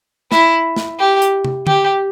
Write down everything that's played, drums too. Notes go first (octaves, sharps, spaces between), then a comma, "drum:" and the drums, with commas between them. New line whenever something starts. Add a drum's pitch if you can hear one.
E4, drum: snare
drum: snare
G4
drum: hi-hat
drum: tom
G4, drum: tom